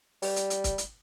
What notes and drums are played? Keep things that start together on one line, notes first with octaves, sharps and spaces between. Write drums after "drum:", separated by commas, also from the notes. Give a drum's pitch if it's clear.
G3, drum: open hi-hat
drum: hi-hat
drum: hi-hat
drum: kick, hi-hat
drum: hi-hat